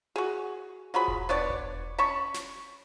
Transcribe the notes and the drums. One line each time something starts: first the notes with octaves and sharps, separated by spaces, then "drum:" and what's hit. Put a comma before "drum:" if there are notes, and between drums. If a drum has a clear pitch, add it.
F#4 G#4
F3 F#3 G#4 B5
drum: kick E1
B3 D4 C#5 D5
drum: kick E1
C#4 A5 B5 C#6
drum: snare